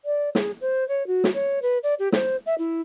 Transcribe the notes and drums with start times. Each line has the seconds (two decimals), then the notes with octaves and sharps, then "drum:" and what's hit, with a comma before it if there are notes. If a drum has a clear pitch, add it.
0.05 D5
0.35 G#4, drum: snare
0.61 C5
0.89 C#5
1.07 F#4
1.24 drum: snare
1.34 C#5
1.62 B4
1.83 D5
1.99 G4
2.12 C5, drum: snare
2.46 E5
2.58 E4